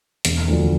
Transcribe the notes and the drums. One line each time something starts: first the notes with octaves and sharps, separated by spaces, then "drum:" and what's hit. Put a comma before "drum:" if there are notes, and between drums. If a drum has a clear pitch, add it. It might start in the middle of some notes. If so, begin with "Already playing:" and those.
E1, drum: hi-hat
D2 D3 F3